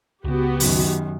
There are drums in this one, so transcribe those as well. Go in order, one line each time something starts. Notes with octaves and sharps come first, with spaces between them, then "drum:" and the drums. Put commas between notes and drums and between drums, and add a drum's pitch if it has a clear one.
C#2 C#3 B3 F#4 G4
F#2 D#3, drum: open hi-hat